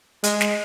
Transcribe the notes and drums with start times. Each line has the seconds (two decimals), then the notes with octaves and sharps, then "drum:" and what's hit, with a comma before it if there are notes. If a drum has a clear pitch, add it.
0.24 G#3, drum: hi-hat
0.41 drum: snare